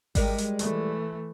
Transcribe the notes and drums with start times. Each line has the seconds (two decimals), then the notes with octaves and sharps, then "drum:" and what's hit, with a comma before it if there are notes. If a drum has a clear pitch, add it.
0.15 G3 G#3 A#4, drum: kick G#1, open hi-hat
0.38 drum: hi-hat
0.59 E3 A3, drum: hi-hat